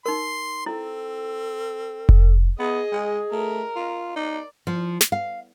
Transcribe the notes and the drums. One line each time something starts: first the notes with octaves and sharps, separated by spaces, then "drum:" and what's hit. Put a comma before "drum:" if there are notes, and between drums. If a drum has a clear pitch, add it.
D#4 A#4 C6
C4 E4 A4
drum: kick F1
B3 G#4 D#5
G#3
A3 A#4
F4
D#4 D5
F3
drum: snare
F5